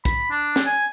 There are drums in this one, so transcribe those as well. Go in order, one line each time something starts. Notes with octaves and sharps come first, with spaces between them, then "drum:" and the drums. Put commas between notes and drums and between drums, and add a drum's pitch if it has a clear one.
B5, drum: kick, hi-hat
D4
drum: snare
G#5